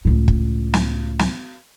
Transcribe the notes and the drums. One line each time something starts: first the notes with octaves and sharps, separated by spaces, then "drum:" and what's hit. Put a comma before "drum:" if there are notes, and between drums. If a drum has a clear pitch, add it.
C#2 A2
drum: kick
drum: snare
drum: snare